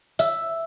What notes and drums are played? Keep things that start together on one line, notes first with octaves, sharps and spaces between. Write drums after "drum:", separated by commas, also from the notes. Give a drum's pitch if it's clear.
E5, drum: open hi-hat